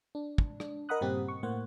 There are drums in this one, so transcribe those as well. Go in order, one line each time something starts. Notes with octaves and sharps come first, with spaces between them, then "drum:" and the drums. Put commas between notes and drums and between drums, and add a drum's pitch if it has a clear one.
D4
drum: kick
D4, drum: rim click
A#4 D#5 F#5 B5 D#6 F#6
G2 A#2 C#3 C4 G4
C#6
A2 A#3 C5 F#5